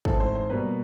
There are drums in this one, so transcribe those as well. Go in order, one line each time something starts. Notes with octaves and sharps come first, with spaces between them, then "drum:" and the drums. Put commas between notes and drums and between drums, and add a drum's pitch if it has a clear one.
G#2 E3 A3 C4 A4, drum: kick
C5
C5
B2 G3 A#3 B4